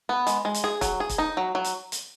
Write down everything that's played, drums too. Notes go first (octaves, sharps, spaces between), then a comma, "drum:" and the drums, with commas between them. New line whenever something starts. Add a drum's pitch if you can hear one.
B3
G#3, drum: hi-hat
G#3
drum: hi-hat
G#4
F#3, drum: kick, hi-hat
G#4
drum: kick, hi-hat
D#4
F#3
F#3
drum: hi-hat
drum: hi-hat